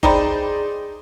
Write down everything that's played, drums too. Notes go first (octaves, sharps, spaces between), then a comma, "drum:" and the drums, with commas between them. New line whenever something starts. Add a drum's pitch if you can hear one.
D#4 G#4 C5 D5 G5 A#5 B5, drum: kick F#1